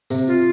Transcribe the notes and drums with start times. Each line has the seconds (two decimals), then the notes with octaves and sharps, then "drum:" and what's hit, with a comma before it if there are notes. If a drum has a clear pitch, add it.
0.10 C3, drum: tambourine
0.27 F4